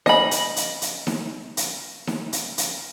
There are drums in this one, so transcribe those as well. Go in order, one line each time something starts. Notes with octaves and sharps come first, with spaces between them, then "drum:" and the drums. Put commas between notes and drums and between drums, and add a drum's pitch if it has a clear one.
D#5 B5, drum: snare D#4
drum: hi-hat
drum: hi-hat
drum: hi-hat
drum: snare D#4
drum: hi-hat
drum: snare D#4
drum: hi-hat
drum: hi-hat